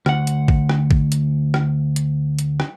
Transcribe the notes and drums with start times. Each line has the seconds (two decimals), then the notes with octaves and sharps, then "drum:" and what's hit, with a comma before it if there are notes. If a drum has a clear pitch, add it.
0.06 D2 F#5, drum: rim click
0.27 drum: hi-hat
0.48 drum: kick A1
0.69 drum: rim click
0.91 drum: kick A1
1.12 drum: hi-hat
1.54 drum: rim click
1.96 drum: hi-hat
2.39 drum: hi-hat
2.60 drum: rim click